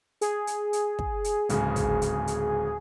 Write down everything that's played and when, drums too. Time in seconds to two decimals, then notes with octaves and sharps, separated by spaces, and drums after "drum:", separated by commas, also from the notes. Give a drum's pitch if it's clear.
0.21 G#4, drum: hi-hat
0.47 drum: hi-hat
0.73 drum: hi-hat
0.99 drum: kick
1.24 drum: hi-hat
1.49 D1 G#2 C#3, drum: hi-hat
1.76 drum: kick, hi-hat
2.02 drum: hi-hat
2.27 drum: hi-hat